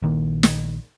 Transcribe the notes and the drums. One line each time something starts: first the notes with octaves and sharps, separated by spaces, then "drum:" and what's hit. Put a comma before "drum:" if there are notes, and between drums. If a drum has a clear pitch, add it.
A#1 D#3 A#3
drum: snare